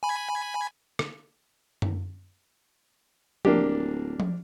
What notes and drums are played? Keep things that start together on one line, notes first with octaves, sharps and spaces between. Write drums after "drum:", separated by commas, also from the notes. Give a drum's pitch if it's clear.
G#5 B5
drum: rim click
drum: tom F#2
D1 A#3 D4 G4, drum: tom F3
drum: tom F3